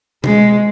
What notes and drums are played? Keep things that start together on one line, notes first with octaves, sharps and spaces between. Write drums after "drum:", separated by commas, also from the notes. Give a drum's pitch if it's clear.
G#3, drum: tom B2